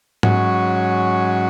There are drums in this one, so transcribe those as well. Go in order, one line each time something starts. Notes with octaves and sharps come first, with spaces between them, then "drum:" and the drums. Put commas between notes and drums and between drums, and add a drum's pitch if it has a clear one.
G#2 F#3 C#4 F#4, drum: tom G#2